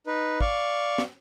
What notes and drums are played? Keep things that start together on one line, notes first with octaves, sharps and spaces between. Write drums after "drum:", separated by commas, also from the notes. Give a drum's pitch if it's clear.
D#4 B4
D5 F5 C#6, drum: kick
drum: snare